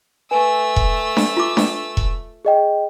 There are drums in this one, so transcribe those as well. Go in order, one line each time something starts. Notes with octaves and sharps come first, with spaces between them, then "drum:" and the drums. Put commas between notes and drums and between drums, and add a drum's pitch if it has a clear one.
A3 B4 G#5 E6
drum: kick E1
drum: snare D4
F4 D6
drum: snare D4
drum: kick E1
G#4 D#5 G5